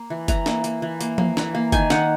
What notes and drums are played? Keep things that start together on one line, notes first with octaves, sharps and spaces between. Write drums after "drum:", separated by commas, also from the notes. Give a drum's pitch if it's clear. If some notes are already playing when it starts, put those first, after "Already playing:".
Already playing: A#3
E3
E3 A#5, drum: kick F#1, hi-hat
A#3, drum: snare
A#3, drum: hi-hat
E3
A#3, drum: hi-hat
A#3, drum: tom F3
E3, drum: snare
A#3
D#3 G#5, drum: kick F#1, hi-hat
D#3 F#5, drum: snare